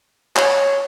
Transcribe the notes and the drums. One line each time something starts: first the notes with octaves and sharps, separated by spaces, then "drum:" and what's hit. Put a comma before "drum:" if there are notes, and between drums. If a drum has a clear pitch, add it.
C#5, drum: clap